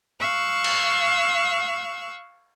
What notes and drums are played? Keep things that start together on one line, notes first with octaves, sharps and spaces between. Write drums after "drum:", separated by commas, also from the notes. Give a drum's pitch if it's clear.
F5 C#6 E6 F#6
drum: cymbal